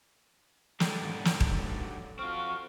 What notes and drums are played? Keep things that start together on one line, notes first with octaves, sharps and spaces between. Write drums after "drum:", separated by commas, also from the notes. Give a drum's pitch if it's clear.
F#3 G#3 D4 G4 A4, drum: snare
G#2 B2
drum: snare
drum: kick D#1
C4 F4 F#4 C#6 F6